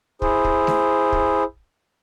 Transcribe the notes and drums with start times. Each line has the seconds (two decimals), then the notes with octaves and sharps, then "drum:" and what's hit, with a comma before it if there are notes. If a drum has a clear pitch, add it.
0.22 E4 G#4 C5, drum: kick
0.44 drum: kick
0.67 drum: snare A3
1.12 drum: kick